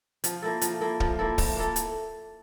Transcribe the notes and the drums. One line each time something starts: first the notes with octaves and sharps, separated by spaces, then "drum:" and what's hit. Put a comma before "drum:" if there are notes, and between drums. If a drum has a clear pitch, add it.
F3, drum: hi-hat
A#3 E4 A4
F3, drum: hi-hat
A#3 E4 A4
F3, drum: kick
A#3 E4 A4
F3, drum: kick, open hi-hat
A#3 E4 A4
drum: hi-hat